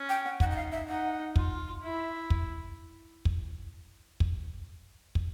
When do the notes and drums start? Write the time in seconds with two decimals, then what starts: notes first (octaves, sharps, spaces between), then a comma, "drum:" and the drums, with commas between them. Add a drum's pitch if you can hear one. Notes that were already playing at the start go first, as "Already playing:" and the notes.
Already playing: C#4
0.09 G5
0.25 F#5
0.40 D#4 F#5, drum: kick
0.51 F#5
0.56 F5
0.72 E5
0.88 D#4 F#5
1.36 F4, drum: kick
1.83 E4 E5
2.30 drum: kick
3.25 drum: kick
4.20 drum: kick
5.15 drum: kick